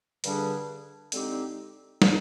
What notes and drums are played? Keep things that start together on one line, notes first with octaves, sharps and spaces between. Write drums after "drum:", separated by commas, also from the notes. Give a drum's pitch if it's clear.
G2 D3 G3 D4 G#4, drum: hi-hat
D3 G#3 C4 D#4 G4, drum: hi-hat
D3 G3 D4, drum: snare